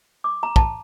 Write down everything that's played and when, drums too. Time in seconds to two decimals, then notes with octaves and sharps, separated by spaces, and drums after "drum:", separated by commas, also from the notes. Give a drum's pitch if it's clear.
0.24 D6
0.43 A#5
0.56 A5, drum: kick